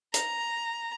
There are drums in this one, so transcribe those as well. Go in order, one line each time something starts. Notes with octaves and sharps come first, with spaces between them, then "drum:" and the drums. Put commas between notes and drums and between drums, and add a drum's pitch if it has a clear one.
A#5, drum: hi-hat